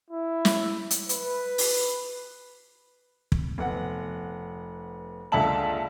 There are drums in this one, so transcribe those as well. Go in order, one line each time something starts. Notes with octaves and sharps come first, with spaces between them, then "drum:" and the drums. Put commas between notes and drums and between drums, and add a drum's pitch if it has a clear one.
E4
drum: snare
drum: hi-hat
B4, drum: hi-hat
drum: open hi-hat
drum: kick
F1 B3 F#5
C#2 D3 A#3 E5 A5 F#7